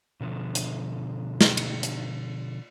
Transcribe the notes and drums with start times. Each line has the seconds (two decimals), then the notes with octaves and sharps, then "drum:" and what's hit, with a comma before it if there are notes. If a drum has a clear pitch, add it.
0.21 B2 D3 F3
0.55 drum: hi-hat
1.41 drum: snare
1.57 drum: cymbal
1.83 drum: hi-hat